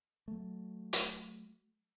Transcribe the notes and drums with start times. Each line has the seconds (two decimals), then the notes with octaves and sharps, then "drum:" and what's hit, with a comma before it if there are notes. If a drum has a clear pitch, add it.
0.28 F#3 A3
0.93 drum: hi-hat